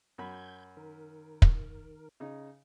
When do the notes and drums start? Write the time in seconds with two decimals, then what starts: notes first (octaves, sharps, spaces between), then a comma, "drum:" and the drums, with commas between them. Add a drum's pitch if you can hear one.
0.18 F#2 B5 G6 G#6
0.77 D#3 A#4
1.42 drum: kick
2.20 C#3 D#4